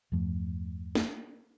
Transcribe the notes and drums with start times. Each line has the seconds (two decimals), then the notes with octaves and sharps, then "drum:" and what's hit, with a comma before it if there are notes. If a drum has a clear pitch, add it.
0.12 E2 G2 F3 A3
0.95 drum: snare